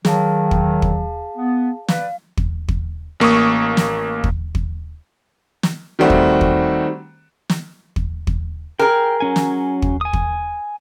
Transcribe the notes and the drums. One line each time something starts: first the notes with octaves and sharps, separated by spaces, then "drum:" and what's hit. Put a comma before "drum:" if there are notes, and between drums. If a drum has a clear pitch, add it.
D#3 F#3 G#4 F5 A5, drum: snare
drum: kick
drum: kick
B3
B4 D5 F5, drum: snare
drum: kick
drum: kick
A1 A#3 C#6 D#6
drum: snare
drum: kick
drum: kick
drum: snare
D#3 G3 A3 C4 F#4
drum: kick
drum: kick
drum: snare
drum: kick
drum: kick
G#4 A#4 G5
F#3 C#4 G#5
drum: snare
drum: kick
G#5 D#6
drum: kick